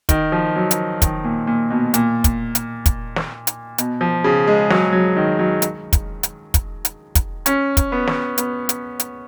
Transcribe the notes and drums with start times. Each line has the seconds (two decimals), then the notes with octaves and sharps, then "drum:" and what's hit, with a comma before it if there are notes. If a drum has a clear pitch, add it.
0.09 D#3, drum: kick, hi-hat
0.32 F3
0.56 F#3
0.71 drum: hi-hat
1.02 D#3, drum: kick, hi-hat
1.25 A#2
1.47 A#2
1.70 B2
1.94 A#2, drum: hi-hat
2.24 drum: kick, hi-hat
2.55 drum: hi-hat
2.86 drum: kick, hi-hat
3.16 drum: snare
3.47 drum: hi-hat
3.78 B2, drum: hi-hat
4.01 F3
4.24 C#3
4.47 G#3
4.70 F#3, drum: snare
4.93 F#3
5.16 D#3
5.39 F#3
5.62 drum: hi-hat
5.93 drum: kick, hi-hat
6.23 drum: hi-hat
6.54 drum: kick, hi-hat
6.85 drum: hi-hat
7.15 drum: kick, hi-hat
7.46 C#4, drum: hi-hat
7.77 drum: kick, hi-hat
7.92 B3
8.07 drum: snare
8.38 B3, drum: hi-hat
8.69 drum: hi-hat
9.00 drum: hi-hat